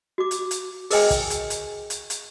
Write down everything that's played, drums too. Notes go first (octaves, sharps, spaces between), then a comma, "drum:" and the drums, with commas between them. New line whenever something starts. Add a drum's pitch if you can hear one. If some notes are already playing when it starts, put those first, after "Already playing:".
F#4 D6
drum: hi-hat
drum: hi-hat
G#4 A#4 B4 D#5 G5 G#5, drum: open hi-hat
drum: kick, hi-hat
drum: hi-hat
drum: hi-hat
drum: hi-hat
drum: hi-hat